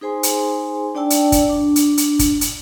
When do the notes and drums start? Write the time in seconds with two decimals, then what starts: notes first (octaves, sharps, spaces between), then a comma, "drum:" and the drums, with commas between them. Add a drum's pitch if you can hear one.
0.01 D#4 G#4 C5 G#5 C6
0.23 drum: hi-hat
0.95 D4 D5 G5 A5 E6
1.10 drum: hi-hat
1.32 drum: kick, hi-hat
1.49 D4
1.76 drum: hi-hat
1.98 drum: hi-hat
2.19 drum: kick, hi-hat
2.41 drum: hi-hat